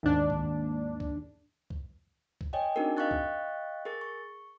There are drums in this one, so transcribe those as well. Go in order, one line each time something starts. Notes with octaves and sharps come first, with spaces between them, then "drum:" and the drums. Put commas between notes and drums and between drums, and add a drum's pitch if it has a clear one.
D#2 G#2 D4
drum: kick C2
drum: kick C2
drum: kick C2
drum: kick C2
C#5 D#5 G5 G#5
C4 D4 D#4 F#4 G#4 A#4
D#5 F5 G5 C#6 F#6 A6
drum: kick C2
G#4 A#4 C#6 A6
C#6